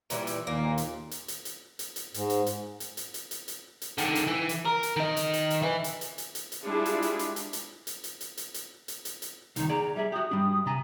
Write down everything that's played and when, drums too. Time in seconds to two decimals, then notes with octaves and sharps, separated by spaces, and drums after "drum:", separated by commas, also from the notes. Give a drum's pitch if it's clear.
0.10 A#2 E3 G3, drum: hi-hat
0.27 drum: hi-hat
0.47 D#2 A#2 A#3
0.78 drum: hi-hat
1.11 drum: hi-hat
1.28 drum: hi-hat
1.45 drum: hi-hat
1.79 drum: hi-hat
1.96 drum: hi-hat
2.14 G#2, drum: hi-hat
2.30 drum: hi-hat
2.46 drum: hi-hat
2.80 drum: hi-hat
2.97 drum: hi-hat
3.14 drum: hi-hat
3.31 drum: hi-hat
3.48 drum: hi-hat
3.82 drum: hi-hat
3.98 D3 D#3, drum: hi-hat
4.15 drum: hi-hat
4.28 E3
4.49 drum: hi-hat
4.66 A#4
4.83 drum: hi-hat
4.96 D#3 D#5
5.17 drum: hi-hat
5.34 drum: hi-hat
5.50 drum: hi-hat
5.62 E4 B4
5.84 drum: hi-hat
6.01 drum: hi-hat
6.18 drum: hi-hat
6.35 drum: hi-hat
6.52 drum: hi-hat
6.65 G3 G#3 D4 E4 F4 G#4
6.85 drum: hi-hat
7.02 drum: hi-hat
7.19 drum: hi-hat
7.36 drum: hi-hat
7.53 drum: hi-hat
7.87 drum: hi-hat
8.04 drum: hi-hat
8.21 drum: hi-hat
8.37 drum: hi-hat
8.54 drum: hi-hat
8.88 drum: hi-hat
9.05 drum: hi-hat
9.22 drum: hi-hat
9.56 C2 D#3 D#4, drum: hi-hat
9.69 G#4 D5 A#5
9.96 G3 G#4 E5
10.12 F#4 G4 D#6
10.31 G3 D4
10.66 C3 G#5 A#5